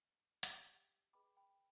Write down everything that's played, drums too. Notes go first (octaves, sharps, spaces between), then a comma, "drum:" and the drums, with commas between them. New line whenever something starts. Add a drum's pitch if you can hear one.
G4 D5 G5, drum: hi-hat
G#4 B4 D#5 G5 B5 D6
G5 B5